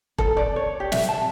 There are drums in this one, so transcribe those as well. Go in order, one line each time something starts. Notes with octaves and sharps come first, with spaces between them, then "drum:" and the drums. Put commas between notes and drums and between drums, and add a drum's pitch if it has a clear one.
A4, drum: kick
D5
C#5
G4
E5, drum: snare
A5